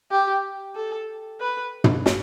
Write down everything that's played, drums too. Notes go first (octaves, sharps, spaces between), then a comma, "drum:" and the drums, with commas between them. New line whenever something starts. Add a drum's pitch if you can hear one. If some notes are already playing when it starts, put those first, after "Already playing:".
G4
A4
B4
drum: tom
drum: snare